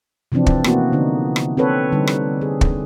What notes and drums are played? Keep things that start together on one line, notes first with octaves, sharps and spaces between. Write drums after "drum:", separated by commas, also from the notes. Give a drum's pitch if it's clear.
C3 E3 F3 C4 D4
drum: kick
A#3 B3 E4 F#4, drum: rim click
D3 D#4
drum: rim click
C4 A4 B4 C#5
D3 G3 D#4
drum: rim click
G#4
drum: kick